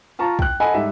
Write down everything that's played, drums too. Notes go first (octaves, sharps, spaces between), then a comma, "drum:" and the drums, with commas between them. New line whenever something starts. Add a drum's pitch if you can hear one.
F4 A5 A#5 C#6
G5 F#6, drum: kick
A4 D#5 F#5 G#5 B5
G#2 G3 E5